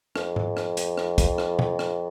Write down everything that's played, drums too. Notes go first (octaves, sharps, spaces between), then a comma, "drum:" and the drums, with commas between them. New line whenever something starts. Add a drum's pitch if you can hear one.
F2, drum: rim click
drum: tom G#2
drum: rim click
drum: hi-hat
drum: rim click
drum: kick, hi-hat
drum: rim click
drum: tom A#2
drum: rim click